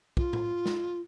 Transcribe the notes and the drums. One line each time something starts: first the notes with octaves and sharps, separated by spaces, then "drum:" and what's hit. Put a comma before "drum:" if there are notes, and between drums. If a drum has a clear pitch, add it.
F4, drum: kick
drum: tom A2
drum: snare